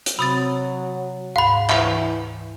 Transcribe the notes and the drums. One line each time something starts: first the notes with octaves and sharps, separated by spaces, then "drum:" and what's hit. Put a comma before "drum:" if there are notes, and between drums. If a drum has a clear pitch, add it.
drum: hi-hat
C3 F#3 C4 B5 D#6 A6
D2 G#2 F5 A#5 B5
E3 E5 F#5 F7, drum: clap